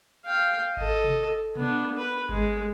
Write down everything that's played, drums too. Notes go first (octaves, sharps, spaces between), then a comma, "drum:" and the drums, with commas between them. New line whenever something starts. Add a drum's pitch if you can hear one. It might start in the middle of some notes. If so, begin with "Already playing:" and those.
F5 G5
A4 D#5, drum: kick G#1
drum: tom B2
B3 D4, drum: tom B2
B4
G#3, drum: kick G#1